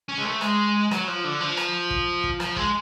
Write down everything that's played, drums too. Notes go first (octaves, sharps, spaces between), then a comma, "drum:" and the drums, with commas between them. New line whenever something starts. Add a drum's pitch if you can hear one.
C#4
G#3
A3
G#3, drum: rim click
F#3, drum: rim click
F3
D3
F3
drum: rim click
drum: kick
drum: kick
F3, drum: rim click
G#3, drum: kick